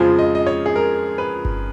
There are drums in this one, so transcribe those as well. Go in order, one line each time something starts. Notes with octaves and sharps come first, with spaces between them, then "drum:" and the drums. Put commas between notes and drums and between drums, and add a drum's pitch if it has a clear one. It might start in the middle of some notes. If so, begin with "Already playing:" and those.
Already playing: F2 C#3 F3 G#3
D#5
D#5
C#5
G#4
A#4
B4
drum: kick G1